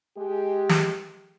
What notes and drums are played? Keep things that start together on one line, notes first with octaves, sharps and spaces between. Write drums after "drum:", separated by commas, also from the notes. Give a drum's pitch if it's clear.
G#3 G4 G#4
drum: snare